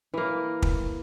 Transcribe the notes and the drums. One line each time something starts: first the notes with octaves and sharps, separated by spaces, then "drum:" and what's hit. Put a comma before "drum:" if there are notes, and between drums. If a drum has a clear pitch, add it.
E3 A#3
drum: kick